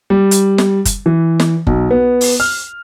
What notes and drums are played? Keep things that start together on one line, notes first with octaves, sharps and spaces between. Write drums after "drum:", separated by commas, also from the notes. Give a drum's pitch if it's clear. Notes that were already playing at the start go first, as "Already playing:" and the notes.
G3
drum: hi-hat
drum: snare
drum: kick F#1, hi-hat
E3
drum: snare
B1, drum: kick F#1
B3
drum: open hi-hat
F6